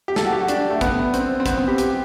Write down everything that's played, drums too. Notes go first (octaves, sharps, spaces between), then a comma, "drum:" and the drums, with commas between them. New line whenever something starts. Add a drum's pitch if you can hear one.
G4
A4, drum: snare
F#4
G4
F#4
D4, drum: hi-hat
A3
B3, drum: kick, hi-hat
C4, drum: hi-hat
C4
B3, drum: kick, hi-hat
C4
G4
G4, drum: hi-hat